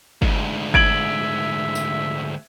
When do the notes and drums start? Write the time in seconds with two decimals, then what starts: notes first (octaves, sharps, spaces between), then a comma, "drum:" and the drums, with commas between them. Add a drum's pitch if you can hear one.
0.22 D2 G#2, drum: kick G1
0.74 E5 G#6 D7 F#7, drum: kick G1
1.75 drum: tambourine